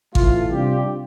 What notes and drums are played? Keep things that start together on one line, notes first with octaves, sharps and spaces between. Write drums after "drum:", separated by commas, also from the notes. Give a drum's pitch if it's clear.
A2 E3 A3 F4, drum: kick G#1
C3 G3 D4 F4 G4